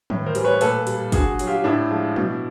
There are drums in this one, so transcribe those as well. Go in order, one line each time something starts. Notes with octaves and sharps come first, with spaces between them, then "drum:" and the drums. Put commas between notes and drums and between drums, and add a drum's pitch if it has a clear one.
A2, drum: tom
A#4 C5
E3 G3, drum: hi-hat
B4 C#5
A#2 A4 B4, drum: hi-hat
G3, drum: hi-hat
D3 F#4 G#4, drum: kick, hi-hat
F#3, drum: hi-hat
F4 G4
A2 D4 E4
F3 G#3
B2, drum: tom